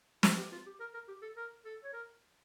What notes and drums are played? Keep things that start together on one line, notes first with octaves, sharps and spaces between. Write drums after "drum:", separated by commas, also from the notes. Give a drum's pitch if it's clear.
F4, drum: snare
G4
F4
G4
A#4
A#4
G4
A4
A#4
A4
C#5
A#4